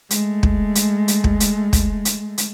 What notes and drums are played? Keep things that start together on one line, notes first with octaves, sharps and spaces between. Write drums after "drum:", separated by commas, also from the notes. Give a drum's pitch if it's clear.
G#3 A3, drum: hi-hat
drum: kick
drum: hi-hat
drum: hi-hat
drum: kick
drum: hi-hat
drum: kick, hi-hat
drum: hi-hat
drum: hi-hat